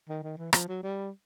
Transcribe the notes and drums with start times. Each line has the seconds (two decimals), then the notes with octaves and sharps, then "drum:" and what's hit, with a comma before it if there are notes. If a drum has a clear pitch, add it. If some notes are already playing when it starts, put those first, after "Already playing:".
0.09 D#3
0.23 D#3
0.38 E3
0.53 F3, drum: rim click
0.68 F#3
0.83 G3